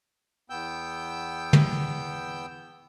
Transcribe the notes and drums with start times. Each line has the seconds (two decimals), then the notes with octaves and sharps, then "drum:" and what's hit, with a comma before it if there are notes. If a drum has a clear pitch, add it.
0.50 E2 B3 G5 E6 G6
1.53 drum: tom